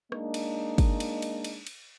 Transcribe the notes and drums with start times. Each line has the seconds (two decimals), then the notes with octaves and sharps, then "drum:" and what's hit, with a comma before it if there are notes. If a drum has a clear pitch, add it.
0.12 G#3 A#3 D4 D#4, drum: rim click
0.34 drum: cymbal
0.78 drum: kick, cymbal
1.00 drum: cymbal
1.22 drum: cymbal
1.44 drum: cymbal
1.67 drum: cymbal